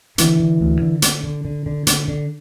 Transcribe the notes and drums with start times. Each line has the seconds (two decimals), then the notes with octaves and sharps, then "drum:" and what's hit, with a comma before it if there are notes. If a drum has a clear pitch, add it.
0.18 D3 E3, drum: hi-hat
0.39 D3
0.61 D2
0.81 D3
1.02 D3, drum: hi-hat
1.24 D3
1.45 D3
1.66 D3
1.87 D3, drum: hi-hat
2.08 D3